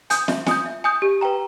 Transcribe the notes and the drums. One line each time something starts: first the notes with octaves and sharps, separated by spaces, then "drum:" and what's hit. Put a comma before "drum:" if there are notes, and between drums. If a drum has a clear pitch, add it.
G#5 D#6 G6, drum: hi-hat
E5, drum: snare
G#5 D#6 G6, drum: snare
E5
G#5 D#6 G6
G4
B4 G5 A#5